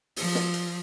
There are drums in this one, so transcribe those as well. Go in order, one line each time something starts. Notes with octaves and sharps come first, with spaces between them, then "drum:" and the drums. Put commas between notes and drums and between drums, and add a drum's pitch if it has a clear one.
F3, drum: open hi-hat
drum: snare
drum: hi-hat